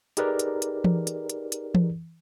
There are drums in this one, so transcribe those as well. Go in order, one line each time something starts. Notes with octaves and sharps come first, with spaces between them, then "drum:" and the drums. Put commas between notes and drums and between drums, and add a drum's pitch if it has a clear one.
D#4 G4 G#4 A#4 B4 D5, drum: hi-hat
drum: hi-hat
drum: hi-hat
drum: tom E3
drum: hi-hat
drum: hi-hat
drum: hi-hat
drum: tom E3